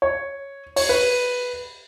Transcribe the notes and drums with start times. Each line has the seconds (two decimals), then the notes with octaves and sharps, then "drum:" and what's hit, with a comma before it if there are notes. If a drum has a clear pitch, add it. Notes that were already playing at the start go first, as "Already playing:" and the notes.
0.02 C#5
0.76 C#5, drum: open hi-hat
0.89 B4